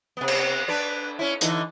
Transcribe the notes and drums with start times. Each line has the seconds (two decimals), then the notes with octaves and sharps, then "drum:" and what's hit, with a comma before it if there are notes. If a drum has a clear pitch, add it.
0.17 C3 B3
0.28 drum: cymbal
0.68 D4 B4 D5
1.19 C#4 E4
1.41 D3 E3 D#4, drum: hi-hat